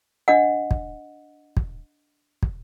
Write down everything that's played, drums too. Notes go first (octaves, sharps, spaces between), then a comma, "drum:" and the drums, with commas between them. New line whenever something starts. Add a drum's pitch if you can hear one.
D4 D#5 F#5
drum: kick
drum: kick
drum: kick